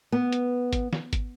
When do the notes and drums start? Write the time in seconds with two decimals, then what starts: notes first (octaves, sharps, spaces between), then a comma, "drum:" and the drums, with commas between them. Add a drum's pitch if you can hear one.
0.12 B3
0.32 drum: hi-hat
0.73 drum: kick G#1, hi-hat
0.93 drum: snare
1.13 drum: kick G#1, hi-hat